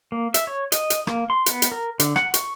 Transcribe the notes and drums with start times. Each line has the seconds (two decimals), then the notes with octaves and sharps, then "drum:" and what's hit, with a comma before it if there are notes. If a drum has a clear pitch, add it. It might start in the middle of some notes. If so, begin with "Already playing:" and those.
0.12 A#3
0.34 E5, drum: hi-hat
0.47 C#5
0.72 D#5, drum: hi-hat
0.90 drum: hi-hat
1.07 A#3, drum: rim click
1.30 C6
1.46 B3, drum: hi-hat
1.62 drum: hi-hat
1.72 A#4
2.00 D3, drum: hi-hat
2.16 F#5, drum: rim click
2.34 C#6, drum: hi-hat